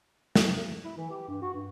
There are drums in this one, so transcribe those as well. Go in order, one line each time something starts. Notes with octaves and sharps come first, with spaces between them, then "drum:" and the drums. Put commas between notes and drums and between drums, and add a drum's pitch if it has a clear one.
drum: snare
E4
E3
G4
G2
F#4
G2